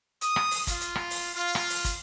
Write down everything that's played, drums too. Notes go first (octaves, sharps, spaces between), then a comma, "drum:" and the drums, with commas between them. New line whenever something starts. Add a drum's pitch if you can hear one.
D#6, drum: hi-hat
drum: rim click
drum: open hi-hat
F4, drum: kick, hi-hat
drum: hi-hat
drum: rim click
drum: open hi-hat
F4
drum: rim click
drum: open hi-hat
drum: kick, hi-hat